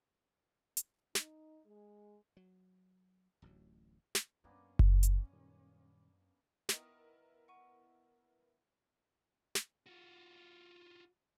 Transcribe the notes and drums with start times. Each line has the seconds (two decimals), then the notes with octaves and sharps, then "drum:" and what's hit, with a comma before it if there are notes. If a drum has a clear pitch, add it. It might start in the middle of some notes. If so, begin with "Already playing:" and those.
0.77 drum: hi-hat
1.15 D#4, drum: snare
1.66 G#3
2.37 F#3
3.42 D1 A1 D2 F#3
4.15 drum: snare
4.44 F#2 A#3 B3 C#4 D4
4.79 drum: kick F#1
5.03 drum: hi-hat
5.33 A#2 D#3 G3
6.69 D#3 B3 E4 A#4 D#5, drum: snare
7.48 F#5 C#6 D#7
9.55 drum: snare
9.86 F4 F#4